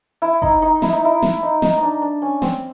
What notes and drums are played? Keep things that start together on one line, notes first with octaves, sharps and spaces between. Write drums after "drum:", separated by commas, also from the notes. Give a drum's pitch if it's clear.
E4
D#4, drum: kick G1
D#4
E4, drum: snare
D#4
E4
drum: snare
D#4
D#4, drum: snare
D#4
D4
D4
C#4
C4, drum: snare